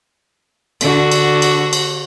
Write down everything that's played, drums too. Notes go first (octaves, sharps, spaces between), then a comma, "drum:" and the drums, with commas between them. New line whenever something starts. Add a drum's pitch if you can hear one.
D3 F#4, drum: cymbal
drum: cymbal
drum: cymbal
drum: cymbal